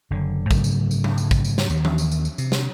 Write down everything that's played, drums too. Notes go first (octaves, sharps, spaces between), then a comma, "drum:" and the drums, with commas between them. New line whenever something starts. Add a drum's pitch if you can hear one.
F#1 D3
G#2 C#3 F#3 A3, drum: kick, tambourine
drum: tambourine
drum: tambourine
drum: tom F#3
drum: tambourine
drum: kick, tambourine
drum: tambourine
drum: snare
D#2 D#3, drum: tambourine
drum: tom E3
drum: tambourine
drum: tambourine
drum: tambourine
C3, drum: tambourine
drum: snare